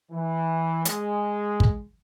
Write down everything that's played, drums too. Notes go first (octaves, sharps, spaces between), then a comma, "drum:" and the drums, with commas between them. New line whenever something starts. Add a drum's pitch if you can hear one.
E3
G#3, drum: hi-hat
drum: kick